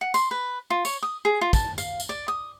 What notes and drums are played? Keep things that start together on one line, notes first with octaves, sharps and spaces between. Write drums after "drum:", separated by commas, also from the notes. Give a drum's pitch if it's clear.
F#5
C6, drum: tambourine
B4
F4
C#5, drum: tambourine
D#6
G#4
F4
A5, drum: kick, tambourine
F5, drum: tambourine
drum: tambourine
D5
D#6